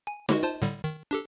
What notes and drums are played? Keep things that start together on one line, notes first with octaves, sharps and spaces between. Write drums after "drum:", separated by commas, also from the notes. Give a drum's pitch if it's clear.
G#5
D3 G#3 F#4, drum: snare D#4
F4 C5 A5
A2 D3 G3
D#3
D4 G4 A4